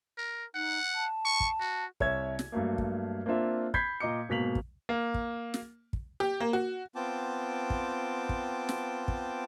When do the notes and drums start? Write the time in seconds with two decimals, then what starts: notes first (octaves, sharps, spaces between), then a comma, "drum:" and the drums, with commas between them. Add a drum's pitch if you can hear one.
0.17 A#4
0.55 D#4 F#5
0.95 A5
1.25 C#6
1.40 drum: kick
1.60 F#4
2.00 C2 C#5 E5 G#6, drum: kick
2.39 drum: snare
2.52 G2 F#3 A3 A#3
2.78 drum: kick
3.26 A#3 C4 D4 F4 E5
3.74 B5 G6 G#6 B6 C7, drum: kick
4.00 A#2 D#5 A#5 D6 C#7
4.29 G#2 B2 A#3 B6 F7 F#7
4.55 drum: kick
4.89 A#3
5.14 drum: kick
5.54 drum: snare
5.93 drum: kick
6.20 G4
6.40 A#3
6.53 F#4
6.95 B3 C4 F4 G5 A5 D6
7.70 drum: kick
8.29 drum: kick
8.69 drum: snare
9.08 drum: kick